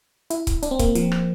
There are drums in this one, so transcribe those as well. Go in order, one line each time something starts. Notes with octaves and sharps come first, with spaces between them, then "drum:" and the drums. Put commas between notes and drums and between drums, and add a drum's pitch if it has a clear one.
E4, drum: hi-hat
drum: kick C#1, hi-hat
D4, drum: hi-hat
C4
A#3, drum: kick C#1, hi-hat
F3, drum: hi-hat
drum: rim click